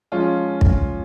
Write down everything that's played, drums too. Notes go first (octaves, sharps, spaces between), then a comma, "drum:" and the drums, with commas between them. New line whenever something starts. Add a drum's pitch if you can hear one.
F3 G#3 C#4 F4
drum: kick